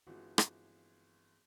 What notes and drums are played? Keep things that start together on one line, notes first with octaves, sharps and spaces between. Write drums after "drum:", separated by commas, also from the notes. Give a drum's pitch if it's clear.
G1 E3 F3 G#3 C4 F#4
drum: rim click